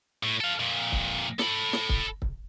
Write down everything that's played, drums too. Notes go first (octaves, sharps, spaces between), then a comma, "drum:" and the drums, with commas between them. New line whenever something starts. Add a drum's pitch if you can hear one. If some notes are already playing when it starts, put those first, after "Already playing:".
A2
A4 F5
F2 A#2
drum: kick
A4 B5, drum: snare
drum: snare
drum: kick
drum: kick